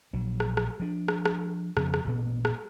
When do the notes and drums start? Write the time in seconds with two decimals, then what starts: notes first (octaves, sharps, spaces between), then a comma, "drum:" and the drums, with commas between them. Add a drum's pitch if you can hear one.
0.13 A#1 F#3
0.40 drum: rim click
0.57 drum: rim click
0.80 F3 D4
1.08 drum: rim click
1.25 drum: rim click
1.77 F2 C#3 F3 B3, drum: rim click
1.94 drum: rim click
2.05 A1 G2 A#2 B3
2.45 drum: rim click